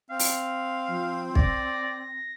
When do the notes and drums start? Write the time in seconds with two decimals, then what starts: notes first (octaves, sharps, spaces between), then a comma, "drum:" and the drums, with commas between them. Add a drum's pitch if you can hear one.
0.10 C4 F5
0.19 drum: open hi-hat
0.88 F3
1.35 D5 A#6, drum: kick